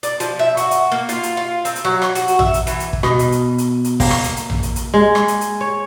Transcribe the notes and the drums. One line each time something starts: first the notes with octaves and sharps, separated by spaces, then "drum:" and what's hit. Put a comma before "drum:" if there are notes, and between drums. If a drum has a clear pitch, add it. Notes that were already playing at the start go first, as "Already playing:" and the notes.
D5, drum: hi-hat
F3, drum: hi-hat
E5
F#4, drum: hi-hat
drum: hi-hat
A#3
F4, drum: hi-hat
drum: hi-hat
F4
C4, drum: hi-hat
drum: hi-hat
F#3
drum: rim click
F#4, drum: hi-hat
drum: hi-hat
E5, drum: tom A#1
drum: hi-hat
E3, drum: hi-hat
drum: hi-hat
drum: kick
B2, drum: rim click
drum: hi-hat
drum: hi-hat
drum: hi-hat
drum: hi-hat
A#3, drum: kick, open hi-hat
drum: rim click
drum: hi-hat
drum: hi-hat
drum: tom A#1
drum: hi-hat
drum: hi-hat
G#3
drum: rim click
drum: hi-hat
drum: hi-hat
C#5